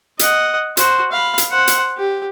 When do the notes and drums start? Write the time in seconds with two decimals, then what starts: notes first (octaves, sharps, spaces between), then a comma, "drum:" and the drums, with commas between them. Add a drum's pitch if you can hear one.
0.19 D#5 F#5, drum: hi-hat
0.77 F#4 C5, drum: hi-hat
1.12 F5 B5
1.38 drum: hi-hat
1.51 C5 F#5
1.68 drum: hi-hat
1.97 G4